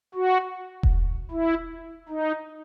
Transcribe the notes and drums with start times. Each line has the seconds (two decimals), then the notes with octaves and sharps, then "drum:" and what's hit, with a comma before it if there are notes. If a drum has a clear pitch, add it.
0.15 F#4
0.83 drum: kick E1
1.31 E4
2.09 D#4